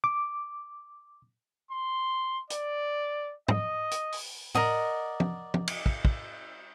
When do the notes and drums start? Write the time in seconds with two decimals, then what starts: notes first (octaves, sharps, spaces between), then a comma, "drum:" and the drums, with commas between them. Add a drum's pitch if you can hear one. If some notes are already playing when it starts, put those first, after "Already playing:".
0.04 D6
1.71 C6
2.50 D5, drum: hi-hat
3.48 D#5, drum: tom
3.91 drum: hi-hat
4.12 drum: open hi-hat
4.55 A#4 D5 D#5 F#5, drum: tom A2
5.20 drum: tom
5.54 drum: tom
5.67 drum: cymbal
5.86 drum: kick
6.05 drum: kick